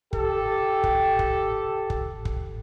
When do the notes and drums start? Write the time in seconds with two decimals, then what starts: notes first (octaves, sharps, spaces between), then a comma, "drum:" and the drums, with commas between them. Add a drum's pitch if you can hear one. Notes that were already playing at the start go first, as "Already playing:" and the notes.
0.13 G4 A4, drum: kick
0.84 drum: kick
1.19 drum: kick
1.90 drum: kick
2.25 drum: kick